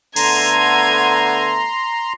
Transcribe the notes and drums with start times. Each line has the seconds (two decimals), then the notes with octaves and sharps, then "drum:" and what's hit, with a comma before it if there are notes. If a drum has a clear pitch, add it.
0.16 D3 A3 B3 A#5 C6 G#6 D#7, drum: open hi-hat